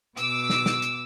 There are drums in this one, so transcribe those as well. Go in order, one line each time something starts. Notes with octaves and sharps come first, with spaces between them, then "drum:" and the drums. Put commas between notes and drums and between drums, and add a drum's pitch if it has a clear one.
B2 D6 E6, drum: hi-hat
drum: snare
drum: snare
drum: hi-hat